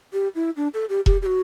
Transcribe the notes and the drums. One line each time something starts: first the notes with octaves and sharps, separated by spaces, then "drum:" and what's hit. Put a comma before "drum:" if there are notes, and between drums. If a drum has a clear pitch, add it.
G4
E4
D4
A4
G4
G4, drum: kick E1
G4
F#4